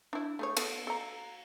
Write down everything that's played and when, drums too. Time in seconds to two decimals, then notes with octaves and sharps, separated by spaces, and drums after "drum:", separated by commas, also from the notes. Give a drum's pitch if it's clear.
0.13 D4 E4
0.39 A3 G#4 C#5
0.57 B3 A4, drum: cymbal
0.87 A4 A#5